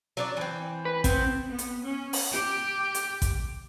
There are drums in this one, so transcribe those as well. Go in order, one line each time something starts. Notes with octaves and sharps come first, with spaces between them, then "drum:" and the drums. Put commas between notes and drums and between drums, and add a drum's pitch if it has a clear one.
F#3 D4 D5
E3 C4
B4
B3 C4, drum: kick A1, hi-hat
B3
drum: hi-hat
C#4
drum: open hi-hat
G4
drum: hi-hat
drum: kick A1, hi-hat